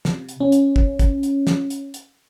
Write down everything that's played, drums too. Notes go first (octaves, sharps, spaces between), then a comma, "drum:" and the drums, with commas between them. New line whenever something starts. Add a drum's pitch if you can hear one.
C3, drum: snare
drum: hi-hat
C#4
drum: hi-hat
drum: kick
drum: kick, hi-hat
drum: hi-hat
drum: snare
drum: hi-hat
drum: hi-hat